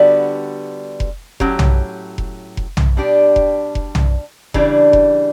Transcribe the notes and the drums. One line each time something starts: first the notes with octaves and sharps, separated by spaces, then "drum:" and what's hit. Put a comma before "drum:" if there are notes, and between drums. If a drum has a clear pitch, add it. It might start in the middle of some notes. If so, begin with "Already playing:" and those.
Already playing: D3 G3 B3 F#4
drum: kick F1
A2 F#3 C#4 G4, drum: kick F1
drum: tom B1
drum: kick F1
drum: kick F1
drum: tom B1
B2 G3 D4 G4
drum: kick F1
drum: kick F1
drum: tom B1
C#3 E3 G3 D4, drum: kick F1
drum: kick F1